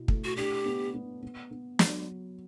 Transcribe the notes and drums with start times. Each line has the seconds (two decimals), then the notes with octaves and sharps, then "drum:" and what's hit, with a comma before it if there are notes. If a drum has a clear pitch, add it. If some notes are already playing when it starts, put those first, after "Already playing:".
Already playing: B2 B3 E4
0.08 A3, drum: kick
0.25 F#4
0.36 D4 G4
0.66 B3
0.94 B3
1.23 B3
1.51 B3
1.79 F#3, drum: snare